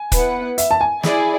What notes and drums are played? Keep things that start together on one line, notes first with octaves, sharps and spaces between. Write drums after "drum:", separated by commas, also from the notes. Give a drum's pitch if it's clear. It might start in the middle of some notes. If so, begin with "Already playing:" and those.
Already playing: G#5
B3 E4 B4 F#5, drum: kick, hi-hat
E5, drum: hi-hat
A5
G#5
E4 G#4 D5, drum: snare